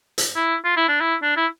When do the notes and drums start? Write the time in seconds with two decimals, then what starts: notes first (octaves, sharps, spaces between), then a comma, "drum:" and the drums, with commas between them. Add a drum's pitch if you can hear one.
0.18 drum: hi-hat
0.35 E4
0.64 F4
0.77 E4
0.88 D4
1.00 E4
1.22 D4
1.37 E4